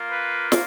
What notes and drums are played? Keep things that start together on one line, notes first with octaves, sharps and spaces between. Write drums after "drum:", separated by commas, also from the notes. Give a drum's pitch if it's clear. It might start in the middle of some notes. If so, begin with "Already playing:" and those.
Already playing: A#3 F4
B4
drum: snare